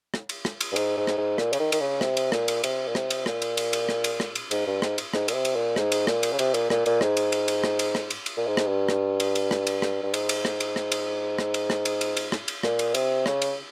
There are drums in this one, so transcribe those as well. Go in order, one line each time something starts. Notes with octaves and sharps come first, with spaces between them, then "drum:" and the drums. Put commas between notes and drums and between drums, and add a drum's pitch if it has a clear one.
drum: rim click
drum: cymbal
drum: rim click
drum: cymbal
G2
G#2, drum: cymbal
G#2
drum: rim click
G#2
A#2, drum: rim click
C#3, drum: cymbal
D#3
D#3, drum: cymbal
C#3
C3, drum: rim click
drum: cymbal
A#2, drum: rim click
drum: cymbal
C3, drum: cymbal
A#2
C3, drum: rim click
drum: cymbal
A#2, drum: rim click
drum: cymbal
drum: cymbal
drum: cymbal
drum: rim click
drum: cymbal
drum: rim click
drum: cymbal
G#2, drum: cymbal
G2
G#2, drum: rim click
drum: cymbal
G#2, drum: rim click
A#2, drum: cymbal
C3
drum: cymbal
A#2
G#2, drum: rim click
drum: cymbal
A#2, drum: rim click
drum: cymbal
C#3
C3, drum: cymbal
A#2, drum: cymbal
A#2, drum: rim click
A#2, drum: cymbal
G#2, drum: rim click
drum: cymbal
drum: cymbal
drum: cymbal
drum: rim click
drum: cymbal
drum: rim click
drum: cymbal
drum: cymbal
A#2
G#2
drum: rim click
G2
drum: rim click
drum: cymbal
drum: cymbal
drum: rim click
drum: cymbal
drum: rim click
G2
G#2, drum: cymbal
drum: cymbal
drum: rim click
drum: cymbal
drum: rim click
drum: cymbal
drum: rim click
drum: cymbal
drum: rim click
drum: cymbal
drum: cymbal
drum: cymbal
drum: rim click
drum: cymbal
A#2, drum: rim click
drum: cymbal
C3, drum: cymbal
C#3, drum: rim click
drum: cymbal